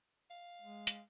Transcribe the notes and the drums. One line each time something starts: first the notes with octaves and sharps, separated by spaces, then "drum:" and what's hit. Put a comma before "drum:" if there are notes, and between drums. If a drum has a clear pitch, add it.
F5
G#3
drum: hi-hat